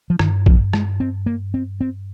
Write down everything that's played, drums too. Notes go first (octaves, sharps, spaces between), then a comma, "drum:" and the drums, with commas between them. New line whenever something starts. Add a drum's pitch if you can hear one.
F3
G2 D#3, drum: rim click
F3, drum: kick A#1
G#3, drum: rim click
C4
A#3
C4
C4